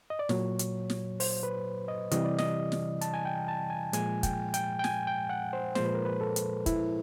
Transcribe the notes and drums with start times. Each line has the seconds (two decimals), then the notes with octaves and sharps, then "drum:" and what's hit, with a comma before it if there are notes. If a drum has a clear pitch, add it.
0.10 D#5
0.19 D5
0.29 A#2 F#3 C#5, drum: snare
0.59 drum: hi-hat
0.90 drum: snare
1.20 C5, drum: open hi-hat
1.43 B4
1.88 D#5
2.11 C3 E3 G3 D#5, drum: hi-hat
2.25 D5
2.38 D#5, drum: snare
2.72 drum: snare
3.01 A5, drum: hi-hat
3.14 G#5
3.25 G5
3.48 A5
3.70 G#5
3.93 A#2 F3 G#3 G#5, drum: hi-hat
4.23 G5, drum: kick, hi-hat
4.54 G5, drum: hi-hat
4.79 G5
4.84 G#5, drum: snare
5.07 G5
5.30 F#5
5.53 C5
5.75 A#2 F3 G#3 C5, drum: snare
5.85 B4
5.95 A#4
6.05 B4
6.21 A4
6.36 drum: hi-hat
6.66 E4, drum: kick, hi-hat